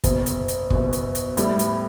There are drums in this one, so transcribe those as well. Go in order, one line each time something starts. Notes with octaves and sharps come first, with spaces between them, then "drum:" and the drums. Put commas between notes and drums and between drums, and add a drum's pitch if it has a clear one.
F#1 E2 B2, drum: kick, hi-hat
drum: hi-hat
drum: hi-hat
F#1 E2 B2, drum: kick
drum: hi-hat
drum: hi-hat
A2 G3 B3 E4 G4, drum: hi-hat
drum: hi-hat